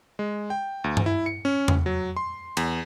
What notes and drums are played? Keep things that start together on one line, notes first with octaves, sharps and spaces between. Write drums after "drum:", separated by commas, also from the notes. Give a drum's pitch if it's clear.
G#3
G5
D2
drum: tom G2
E4
C#7
C#4
drum: tom E2
F#3
C6
E2, drum: cymbal